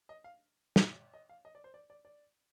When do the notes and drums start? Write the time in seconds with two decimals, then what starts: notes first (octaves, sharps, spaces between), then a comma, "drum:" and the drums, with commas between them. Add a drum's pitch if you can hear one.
0.09 D#5
0.24 F5
0.76 drum: snare
1.14 D#5
1.29 F5
1.45 D#5
1.55 D5
1.64 C5
1.74 D5
1.90 D5
2.05 D5